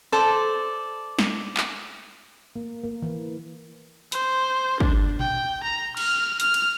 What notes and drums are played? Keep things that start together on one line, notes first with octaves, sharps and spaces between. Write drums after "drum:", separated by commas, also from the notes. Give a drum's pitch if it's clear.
A4 C5 D5
drum: snare
drum: clap
A#3
A#3
E3
C5, drum: hi-hat
D4, drum: kick
G5, drum: tom A#2
A#5
F6, drum: cymbal
F6, drum: hi-hat
drum: cymbal